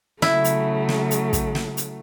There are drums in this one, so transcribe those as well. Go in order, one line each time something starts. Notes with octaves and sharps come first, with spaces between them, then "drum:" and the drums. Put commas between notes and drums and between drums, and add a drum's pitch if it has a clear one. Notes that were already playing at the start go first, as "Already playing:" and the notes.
C#3 F#3 A3 E4, drum: snare
drum: hi-hat
drum: snare
drum: hi-hat
drum: kick, hi-hat
drum: snare
drum: hi-hat